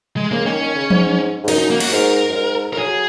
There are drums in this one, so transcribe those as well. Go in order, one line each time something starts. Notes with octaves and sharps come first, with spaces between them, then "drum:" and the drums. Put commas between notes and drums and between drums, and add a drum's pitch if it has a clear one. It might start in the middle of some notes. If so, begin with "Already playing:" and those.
G#3
C#3 A#3
D#3 C#4
D#3
C#3
G#2, drum: tom F3
G#2
F#2 D#4, drum: cymbal
D#4
A#3
F#4, drum: cymbal
G#2 A#4
F#2
G#2
A#4
F#3 G#4